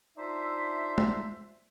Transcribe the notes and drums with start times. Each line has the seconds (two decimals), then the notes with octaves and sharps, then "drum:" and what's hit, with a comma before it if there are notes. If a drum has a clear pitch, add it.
0.18 D4 D#4 F4 C5 E5
0.98 drum: tom G#3